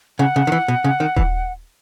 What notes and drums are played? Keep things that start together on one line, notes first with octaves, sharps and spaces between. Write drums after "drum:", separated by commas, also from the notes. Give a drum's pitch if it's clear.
C#3 F#5
C#3
D#3
E3
B2
C#3
D#3
E3, drum: kick D#1